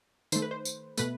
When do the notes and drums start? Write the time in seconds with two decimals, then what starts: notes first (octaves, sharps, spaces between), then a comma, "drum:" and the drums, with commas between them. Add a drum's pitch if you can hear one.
0.32 D#3 A3 C5, drum: tambourine
0.42 B4
0.51 C5
0.65 drum: tambourine
0.97 B2 A3 B4, drum: tambourine